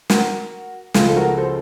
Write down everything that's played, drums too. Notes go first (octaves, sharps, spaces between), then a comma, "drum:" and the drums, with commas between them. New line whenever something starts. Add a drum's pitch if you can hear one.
F#4 A#4, drum: snare
C#2 C#3 F3 F4 A4, drum: snare
A4
F#4 A#4
A4 C5